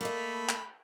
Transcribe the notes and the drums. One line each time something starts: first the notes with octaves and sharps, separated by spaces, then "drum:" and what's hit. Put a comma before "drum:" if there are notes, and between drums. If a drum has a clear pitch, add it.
A3 A#3 A#4 D#5 B5
drum: clap